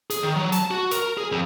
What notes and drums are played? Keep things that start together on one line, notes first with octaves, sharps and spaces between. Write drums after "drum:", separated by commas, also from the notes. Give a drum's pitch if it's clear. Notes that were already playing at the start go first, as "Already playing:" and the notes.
G#4, drum: hi-hat
D#3
F#3
A5, drum: hi-hat
F#4
A#4, drum: hi-hat
G#4
F2